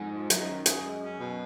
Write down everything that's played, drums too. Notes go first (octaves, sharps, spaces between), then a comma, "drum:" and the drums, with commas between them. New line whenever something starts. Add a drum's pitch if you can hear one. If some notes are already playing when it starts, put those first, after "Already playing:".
Already playing: F2 G#2
F3
F#2 D#4, drum: hi-hat
D#3
G#4, drum: hi-hat
G#3
C#4
B2